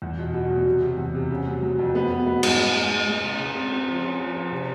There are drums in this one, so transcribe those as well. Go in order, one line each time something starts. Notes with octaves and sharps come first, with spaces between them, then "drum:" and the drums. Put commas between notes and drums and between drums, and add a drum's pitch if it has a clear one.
E2
B2
B2
F#3
C3
C3
E2
C3
C#3
F#3
F#3
F2
B3
F#3
B3
G#2, drum: cymbal
G#3
G#3
G#3
G#3
C#3
C#3
C4
C4
F3
C#4
F3
F3
C3